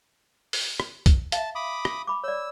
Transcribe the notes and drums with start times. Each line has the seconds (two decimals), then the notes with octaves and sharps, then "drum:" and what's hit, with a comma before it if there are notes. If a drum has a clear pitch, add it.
0.53 drum: open hi-hat
0.80 drum: rim click
1.06 drum: kick, hi-hat
1.32 E5 F5 A5, drum: hi-hat
1.55 B5 D6 D#6
1.85 drum: rim click
2.07 B5 D6
2.24 C#5 D5 E6